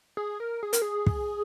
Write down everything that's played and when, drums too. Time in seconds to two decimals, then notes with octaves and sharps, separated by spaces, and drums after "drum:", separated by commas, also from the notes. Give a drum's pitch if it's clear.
0.17 G#4
0.40 A#4
0.63 G#4
0.73 A#4, drum: hi-hat
0.82 G#4
1.06 drum: kick